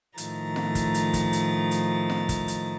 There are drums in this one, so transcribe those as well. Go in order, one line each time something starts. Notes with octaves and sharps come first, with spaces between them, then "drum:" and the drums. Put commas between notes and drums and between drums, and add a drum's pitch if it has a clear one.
A2 D#3 F3 A3 A#5 A6, drum: hi-hat
drum: snare F4
drum: kick, hi-hat
drum: hi-hat
drum: kick, hi-hat
drum: hi-hat
drum: hi-hat
drum: snare F4
drum: kick, hi-hat
drum: hi-hat